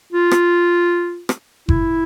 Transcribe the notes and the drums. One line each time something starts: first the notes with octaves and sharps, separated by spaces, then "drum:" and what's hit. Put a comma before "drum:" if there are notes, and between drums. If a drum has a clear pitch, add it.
F4
drum: rim click
drum: rim click
E4, drum: kick F#1